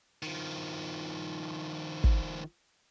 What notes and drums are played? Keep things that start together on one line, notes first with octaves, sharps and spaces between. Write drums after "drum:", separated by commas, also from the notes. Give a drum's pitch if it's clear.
D#3 F3
drum: kick